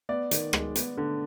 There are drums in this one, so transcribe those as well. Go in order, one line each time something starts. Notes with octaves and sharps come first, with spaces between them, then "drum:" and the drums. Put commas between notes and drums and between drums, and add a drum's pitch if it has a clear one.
B3 D5
D#3, drum: hi-hat
G#3, drum: rim click
B3, drum: hi-hat
D3